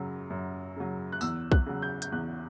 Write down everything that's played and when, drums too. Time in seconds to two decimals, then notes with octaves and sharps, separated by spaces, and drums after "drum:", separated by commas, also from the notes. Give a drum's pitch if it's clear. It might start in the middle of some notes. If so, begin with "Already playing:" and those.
Already playing: F#2 C#3 F#3
0.30 F#2
0.76 C#3 F#3
1.12 F#6
1.21 E2 E6, drum: tambourine
1.52 F#6, drum: kick
1.66 C#3 F#3
1.82 G6
2.02 G6, drum: hi-hat
2.12 E2 F#6